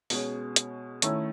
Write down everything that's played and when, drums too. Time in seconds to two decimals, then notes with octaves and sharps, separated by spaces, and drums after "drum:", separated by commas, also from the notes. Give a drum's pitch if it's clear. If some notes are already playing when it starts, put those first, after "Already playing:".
0.10 B2 G#3 C#4, drum: open hi-hat
0.56 drum: hi-hat
1.02 D#3 A3 C#4 E4, drum: hi-hat